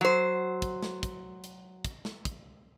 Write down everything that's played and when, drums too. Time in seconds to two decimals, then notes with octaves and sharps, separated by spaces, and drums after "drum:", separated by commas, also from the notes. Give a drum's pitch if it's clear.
0.01 F#3 C5
0.62 drum: kick, hi-hat
0.83 drum: snare
1.03 drum: kick, hi-hat
1.44 drum: hi-hat
1.85 drum: kick, hi-hat
2.05 drum: snare
2.25 drum: kick, hi-hat